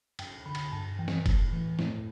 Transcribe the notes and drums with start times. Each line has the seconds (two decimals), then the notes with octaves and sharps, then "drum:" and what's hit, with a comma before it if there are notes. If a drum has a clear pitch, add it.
0.19 F#2 G5, drum: cymbal
0.46 D3 B5
0.55 drum: cymbal
0.72 G2 A5
0.99 E3 G5
1.08 drum: snare
1.26 A2, drum: kick, cymbal
1.52 E3
1.79 A2, drum: snare